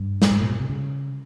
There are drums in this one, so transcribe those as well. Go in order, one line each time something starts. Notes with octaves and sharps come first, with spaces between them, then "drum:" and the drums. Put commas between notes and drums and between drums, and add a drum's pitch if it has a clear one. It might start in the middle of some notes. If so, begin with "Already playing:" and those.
Already playing: G2
drum: snare
G#2
A#2
B2
C3
C#3